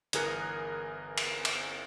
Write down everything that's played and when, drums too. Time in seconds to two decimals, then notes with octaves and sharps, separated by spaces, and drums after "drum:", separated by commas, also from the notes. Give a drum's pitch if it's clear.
0.13 G1 E3 G#4 A#4 F#6 C#7, drum: hi-hat
1.18 drum: cymbal
1.45 drum: cymbal